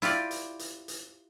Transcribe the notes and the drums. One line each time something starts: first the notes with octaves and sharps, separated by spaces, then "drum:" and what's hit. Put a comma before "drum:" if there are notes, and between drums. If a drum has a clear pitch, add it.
E4 F4 G4 D5, drum: hi-hat
drum: hi-hat
drum: hi-hat
drum: hi-hat